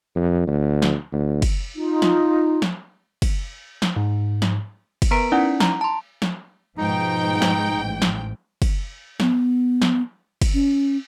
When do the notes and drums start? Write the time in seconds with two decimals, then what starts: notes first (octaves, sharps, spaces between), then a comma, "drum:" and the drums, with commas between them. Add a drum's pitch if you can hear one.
0.16 F2
0.47 D2
0.82 drum: snare
1.12 D2
1.42 drum: kick, cymbal
1.75 D#4 F4
2.02 drum: snare
2.62 drum: snare
3.22 drum: kick, cymbal
3.82 drum: snare
3.96 G#2
4.42 drum: snare
5.02 drum: kick, cymbal
5.11 B3 A#4 B4 A#5 B6 D7
5.32 C#4 D#4 E4 D5 F#5 G#5
5.60 A#5, drum: snare
5.81 A5 C6
6.22 drum: snare
6.78 G#2 B2 F3 G#3 D#4 G5
7.42 drum: snare
7.77 A1
8.02 drum: snare
8.62 drum: kick, cymbal
9.20 B3, drum: snare
9.82 drum: snare
10.42 drum: kick, cymbal
10.54 C#4